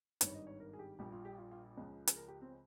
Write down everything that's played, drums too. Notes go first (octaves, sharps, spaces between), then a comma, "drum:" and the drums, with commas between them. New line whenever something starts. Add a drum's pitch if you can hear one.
G#1 G2 D#3 G3 C#5, drum: hi-hat
D#5
C#5
A#4
G#4
G4
A#1 A#2 G3 G4
F4
G4
F4
F4
C#2 C#3 F3 G#3
G#4, drum: hi-hat
A#4
G4
C4